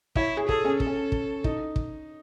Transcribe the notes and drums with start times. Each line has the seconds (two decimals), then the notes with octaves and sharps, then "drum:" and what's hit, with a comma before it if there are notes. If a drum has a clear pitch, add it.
0.16 E4 C#5, drum: kick
0.37 G#4
0.49 G#4 A4, drum: kick
0.65 C#4
0.80 A4, drum: kick
0.86 C#4
1.12 drum: kick
1.44 D#4, drum: kick
1.76 drum: kick